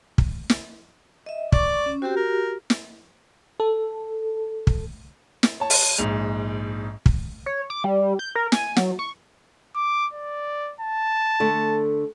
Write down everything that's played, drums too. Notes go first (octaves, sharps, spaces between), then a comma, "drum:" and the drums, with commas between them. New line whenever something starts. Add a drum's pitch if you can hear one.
drum: kick
drum: snare
D#5 E5
D5 C#6 D6, drum: kick
C#4
C4 F#4 G4
A#4
drum: snare
A4
drum: kick
drum: snare
C#5 A5
drum: open hi-hat
A#1 G#2 F7
drum: kick
C#5
D6
G3
G6
A#4
G#5, drum: snare
F#3, drum: snare
C#6
D6
D5
A5
D3 A3